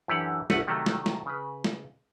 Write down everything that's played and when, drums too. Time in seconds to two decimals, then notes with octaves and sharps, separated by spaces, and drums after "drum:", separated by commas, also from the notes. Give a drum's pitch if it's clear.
0.08 F#2 D3 E3 G4 F#5
0.50 G1 C2 A3 B4 F#5, drum: snare
0.67 C3 D#3 F#3 A3
0.86 drum: snare
1.06 drum: snare
1.26 C#3 B4
1.64 drum: snare